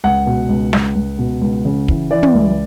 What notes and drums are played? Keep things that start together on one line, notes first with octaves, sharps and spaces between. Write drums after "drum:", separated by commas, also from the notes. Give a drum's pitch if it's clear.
C#2 F#5
B2
C#2
C#2, drum: snare
C#2
B2
C#2
C#3
E3, drum: kick
E3 D5
drum: tom
C#2